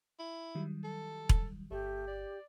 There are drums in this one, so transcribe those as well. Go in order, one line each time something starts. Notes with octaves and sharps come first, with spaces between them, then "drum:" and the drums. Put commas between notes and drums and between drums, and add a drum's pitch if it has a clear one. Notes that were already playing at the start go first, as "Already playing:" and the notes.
E4
D#3 F#3 G3
A4
drum: kick E1
G1 A3 G4
D5